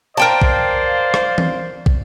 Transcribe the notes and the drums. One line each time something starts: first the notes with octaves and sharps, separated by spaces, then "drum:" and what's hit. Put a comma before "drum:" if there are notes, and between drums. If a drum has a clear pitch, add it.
A#4 C5 D5 F5 G5 A5
drum: kick
drum: rim click
drum: tom E3
drum: kick